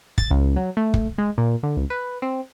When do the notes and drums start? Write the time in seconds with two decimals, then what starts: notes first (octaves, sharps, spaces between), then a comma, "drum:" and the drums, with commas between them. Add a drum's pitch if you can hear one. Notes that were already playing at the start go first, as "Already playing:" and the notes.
0.18 A6, drum: kick
0.31 C#2
0.56 F#3
0.77 A3
0.94 drum: kick
1.18 G#3
1.38 A#2
1.63 D3
1.77 C#2
1.90 B4
2.22 C4